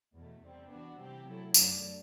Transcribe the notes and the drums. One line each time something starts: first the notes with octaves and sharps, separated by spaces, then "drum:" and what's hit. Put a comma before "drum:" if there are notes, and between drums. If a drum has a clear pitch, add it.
E2 B2 A3
E2 C3 G3 C4
E3 B3 D4 F#4
C3 E3 G3 C4 G4
F#3 A3 E4 A4
F#2 D3 F#3 A3 D4, drum: tambourine